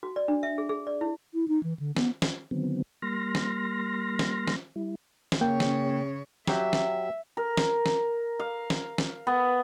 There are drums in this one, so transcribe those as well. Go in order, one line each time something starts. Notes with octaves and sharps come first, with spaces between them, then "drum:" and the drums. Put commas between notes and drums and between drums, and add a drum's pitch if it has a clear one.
F#4
D5
D4
E5
G#4
G#4
D5
E4
E4
D#4
E3
D3
B3, drum: snare
drum: snare
D3 D#3 F#3 B3 C4
G3 A#3 C6 F6 A#6
drum: snare
drum: snare
drum: snare
G3 E4
drum: snare
C#3 A#3 C#5 G5
drum: snare
F#3 G4 E5, drum: snare
drum: snare
A#4
drum: snare
drum: snare
F5
drum: snare
drum: snare
B3